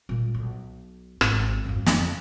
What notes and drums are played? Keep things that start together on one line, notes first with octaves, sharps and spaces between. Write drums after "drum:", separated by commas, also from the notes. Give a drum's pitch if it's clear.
A#2 G#3
B1
G#1, drum: rim click
F2 G#2
F2, drum: snare